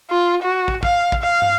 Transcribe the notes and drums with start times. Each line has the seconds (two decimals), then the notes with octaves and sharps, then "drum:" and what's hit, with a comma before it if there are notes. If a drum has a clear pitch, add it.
0.10 F4
0.42 F#4
0.68 drum: kick
0.83 F5, drum: kick
1.12 drum: kick
1.22 F5
1.42 drum: tom